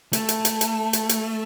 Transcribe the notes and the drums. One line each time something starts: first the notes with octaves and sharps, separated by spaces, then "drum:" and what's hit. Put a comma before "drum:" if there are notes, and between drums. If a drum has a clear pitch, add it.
A3, drum: hi-hat
drum: hi-hat
drum: hi-hat
drum: hi-hat
drum: hi-hat
drum: hi-hat